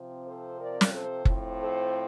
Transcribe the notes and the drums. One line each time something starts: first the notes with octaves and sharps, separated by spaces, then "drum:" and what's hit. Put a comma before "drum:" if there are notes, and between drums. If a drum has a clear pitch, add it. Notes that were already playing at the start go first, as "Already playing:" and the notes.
Already playing: C3 F3 C4
A4 C5
A#4 D5
drum: snare
A4 C5
A2 F3 C4, drum: kick F#1
A4 C5